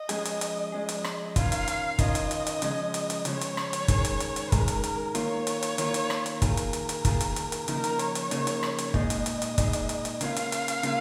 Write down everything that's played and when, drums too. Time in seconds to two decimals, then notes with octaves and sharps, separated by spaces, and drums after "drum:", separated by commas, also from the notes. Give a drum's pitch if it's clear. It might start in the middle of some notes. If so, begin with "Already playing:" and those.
Already playing: D#5
0.09 F3 G#3 C#4 G#4, drum: hi-hat
0.25 drum: hi-hat
0.41 drum: hi-hat
0.72 F3 G#3 C#4 G#4
0.89 drum: hi-hat
1.04 drum: rim click
1.36 D#3 C#4 F4 F5, drum: kick, hi-hat
1.52 drum: hi-hat
1.68 drum: hi-hat
1.99 D#3 C#4 F4 D#5, drum: kick, hi-hat
2.15 drum: hi-hat
2.31 drum: hi-hat
2.47 drum: hi-hat
2.62 C#3 F3 G#3 C#4, drum: hi-hat
2.94 drum: hi-hat
3.10 drum: hi-hat
3.25 C#3 F3 G#3 C#4 C#5, drum: hi-hat
3.41 drum: hi-hat
3.57 drum: rim click
3.73 drum: hi-hat
3.88 D#3 G#3 C#4 G#4, drum: kick, hi-hat
4.05 drum: hi-hat
4.20 drum: hi-hat
4.36 drum: hi-hat
4.52 D#3 G#3 C#4 G#4 A#4, drum: kick, hi-hat
4.68 drum: hi-hat
4.84 drum: hi-hat
5.15 D#3 A#3 F4 C#5, drum: hi-hat
5.47 drum: hi-hat
5.63 drum: hi-hat
5.78 D#3 A#3 F4, drum: hi-hat
5.94 drum: hi-hat
6.10 drum: rim click
6.26 drum: hi-hat
6.42 D#3 A#3 F4 G#4 A#4, drum: kick, hi-hat
6.57 drum: hi-hat
6.73 drum: hi-hat
6.89 drum: hi-hat
7.05 D#3 A#3 F4 G#4, drum: kick, hi-hat
7.21 drum: hi-hat
7.36 drum: hi-hat
7.52 drum: hi-hat
7.68 C#3 F3 A#3 D#4 A#4, drum: hi-hat
7.84 drum: hi-hat
7.99 C#5, drum: hi-hat
8.15 drum: hi-hat
8.31 C#3 F3 A#3 D#4, drum: hi-hat
8.47 drum: hi-hat
8.63 drum: rim click
8.78 drum: hi-hat
8.94 A#2 G#3 D#4 G#4 D#5, drum: kick
9.10 drum: hi-hat
9.26 drum: hi-hat
9.42 drum: hi-hat
9.58 A#2 G#3 D#4 G#4, drum: kick, hi-hat
9.73 drum: hi-hat
9.89 drum: hi-hat
10.05 drum: hi-hat
10.21 C#3 A#3 C#4 F4 F5, drum: hi-hat
10.36 drum: hi-hat
10.52 drum: hi-hat
10.68 drum: hi-hat
10.83 C#3 A#3 C#4 F4, drum: hi-hat